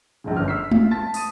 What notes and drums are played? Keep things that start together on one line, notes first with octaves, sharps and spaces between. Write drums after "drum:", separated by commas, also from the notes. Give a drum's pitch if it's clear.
A#1 G#2 C#3
G1 F6
E6 B6 C7
F4, drum: tom G#3
A5 A6 B6
D#6 D#7, drum: open hi-hat